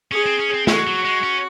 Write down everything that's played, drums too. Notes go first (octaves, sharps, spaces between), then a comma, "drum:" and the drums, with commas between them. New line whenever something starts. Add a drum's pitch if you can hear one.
C#4 G#4
C4
C#4
C4
G#3 F#4, drum: snare
F#3
G#3
C#4